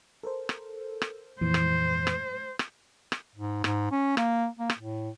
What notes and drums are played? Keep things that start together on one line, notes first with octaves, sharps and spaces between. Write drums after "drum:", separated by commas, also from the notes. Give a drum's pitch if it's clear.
A4 A#4 C5
drum: rim click
drum: rim click
F2 A#2 E3 C5
drum: rim click
drum: rim click
drum: rim click
drum: rim click
G#2
G#2, drum: rim click
C#4
A#3, drum: rim click
A#3
drum: rim click
A2